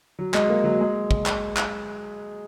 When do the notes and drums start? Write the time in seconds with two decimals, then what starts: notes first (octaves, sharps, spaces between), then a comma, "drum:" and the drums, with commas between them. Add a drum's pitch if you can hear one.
0.19 F#3
0.34 G#3, drum: clap
0.49 A#3
0.64 F#3
0.80 G#3
1.11 drum: kick
1.26 drum: clap
1.57 drum: clap